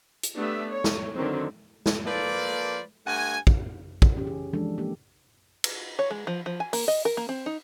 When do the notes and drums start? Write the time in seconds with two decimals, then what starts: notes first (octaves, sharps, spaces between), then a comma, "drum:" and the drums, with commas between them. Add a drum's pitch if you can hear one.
0.23 drum: hi-hat
0.35 A3 B3 D4 G4 E5
0.69 C#5
0.84 drum: snare
1.14 D3 D#3 F#3 C4
1.86 drum: snare
2.06 F3 A#3 A4 B4 D5
3.07 G2 A3 F#5 G#5
3.47 drum: kick
4.02 drum: kick
4.14 C#3 E3 C#4 G4
4.27 G#4
4.53 E3 F3 G#3 D4 A4
4.78 A#3 G4
5.64 drum: cymbal
5.99 C#5
6.11 G#3
6.27 F3
6.46 F3
6.60 G#5
6.73 A#3, drum: open hi-hat
6.88 D#5
7.05 A#4
7.17 A#3
7.29 C4
7.46 D#4